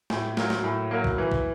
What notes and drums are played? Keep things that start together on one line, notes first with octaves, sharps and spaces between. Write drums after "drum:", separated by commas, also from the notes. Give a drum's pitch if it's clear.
A2, drum: snare
F#3 A#3, drum: snare
drum: snare
A2
F#3 A#3
drum: kick
E3
drum: kick